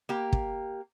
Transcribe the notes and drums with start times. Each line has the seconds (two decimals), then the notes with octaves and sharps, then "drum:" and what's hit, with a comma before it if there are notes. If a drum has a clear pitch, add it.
0.09 A#3 G4
0.33 drum: kick